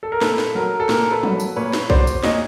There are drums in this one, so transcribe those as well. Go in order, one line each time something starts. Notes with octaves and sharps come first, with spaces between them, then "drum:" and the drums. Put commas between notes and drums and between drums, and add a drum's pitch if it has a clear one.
A4
A#4
A#2 A4 B4, drum: snare
drum: snare
F#3 A#4
A4
A#2 A#4, drum: snare
A4 B4
F#3, drum: tom
drum: tambourine
A#2 B4 C#5
drum: snare
F#3 C5 D5, drum: kick
drum: tambourine
A#2 C#5 D#5, drum: snare